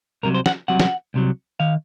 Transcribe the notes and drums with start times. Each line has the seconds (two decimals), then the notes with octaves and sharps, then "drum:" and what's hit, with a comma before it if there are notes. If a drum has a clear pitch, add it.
0.23 C2 C3 F#3 A#4
0.34 C5
0.46 F#5, drum: snare
0.68 C2 C3 F#3 F#5
0.80 drum: snare
1.14 C2 C3 F#3
1.60 D#3 F5